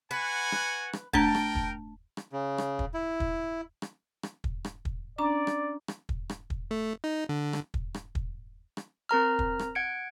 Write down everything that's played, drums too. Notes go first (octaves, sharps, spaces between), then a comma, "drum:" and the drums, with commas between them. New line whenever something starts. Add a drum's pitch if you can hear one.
F#4 B4 F#5 G#5
drum: rim click
drum: rim click
A3 D4 A#4 G5 A5 A#5, drum: kick
drum: rim click
drum: kick
drum: rim click
C#3
drum: rim click
drum: kick
E4
drum: kick
drum: rim click
drum: rim click
drum: kick
drum: rim click
drum: kick
C#4 D4 D5 A#5
drum: rim click
drum: rim click
drum: kick
drum: rim click
drum: kick
A3
D#4
D3
drum: rim click
drum: kick
drum: rim click
drum: kick
drum: rim click
C4 A#4 A#5 F6
drum: kick
drum: rim click
F#5 G#6 C#7 D7